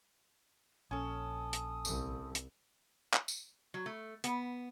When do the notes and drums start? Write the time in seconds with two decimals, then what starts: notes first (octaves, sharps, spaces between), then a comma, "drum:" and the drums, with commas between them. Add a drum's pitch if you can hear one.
0.91 A#1 C#4 A4 D#6
1.53 drum: hi-hat
1.85 C2, drum: tambourine
2.35 drum: hi-hat
3.13 drum: clap
3.28 drum: tambourine
3.74 F#3
3.86 A3
4.24 B3, drum: hi-hat